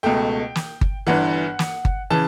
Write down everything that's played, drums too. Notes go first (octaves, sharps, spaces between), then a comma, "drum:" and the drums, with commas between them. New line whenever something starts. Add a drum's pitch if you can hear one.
C#2 B2 A3 G5
drum: snare
drum: kick G1
G1 G2 E3 F#5
drum: snare
drum: kick G1
C#3 E3 A5